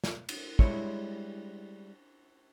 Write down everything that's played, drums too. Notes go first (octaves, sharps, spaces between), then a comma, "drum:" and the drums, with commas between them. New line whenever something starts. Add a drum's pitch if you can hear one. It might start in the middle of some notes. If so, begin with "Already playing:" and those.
drum: snare
drum: cymbal
G3 G#3 E4 C#5, drum: kick